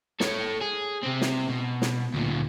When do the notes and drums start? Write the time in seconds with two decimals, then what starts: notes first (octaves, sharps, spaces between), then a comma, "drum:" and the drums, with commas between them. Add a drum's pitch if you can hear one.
0.20 A4 C#5, drum: snare
0.61 G#4
1.03 C3 C4
1.21 drum: snare
1.49 B2
1.82 drum: snare
2.14 D2 A#2